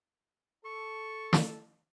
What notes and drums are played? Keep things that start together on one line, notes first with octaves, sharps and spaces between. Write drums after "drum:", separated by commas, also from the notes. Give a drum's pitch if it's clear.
A4 C#6
drum: snare